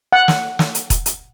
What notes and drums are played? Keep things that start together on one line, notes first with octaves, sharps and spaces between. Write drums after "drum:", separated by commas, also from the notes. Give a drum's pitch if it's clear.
F#5
drum: snare
drum: snare
drum: hi-hat
drum: kick E1, hi-hat
drum: hi-hat